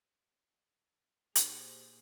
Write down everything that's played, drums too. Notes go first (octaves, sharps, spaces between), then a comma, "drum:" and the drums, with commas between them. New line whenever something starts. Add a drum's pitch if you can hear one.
A#2 D#4 G4 G#4 C5 C#5, drum: hi-hat